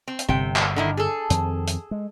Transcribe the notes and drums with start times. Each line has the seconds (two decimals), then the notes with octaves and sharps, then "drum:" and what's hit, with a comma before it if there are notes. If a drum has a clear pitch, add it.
0.08 C4
0.19 drum: hi-hat
0.28 G1 C3 G5
0.56 drum: clap
0.76 D3 D#3 E4
0.97 G#4 A4
1.30 F2 D#3 C4, drum: hi-hat
1.67 drum: hi-hat
1.91 G#3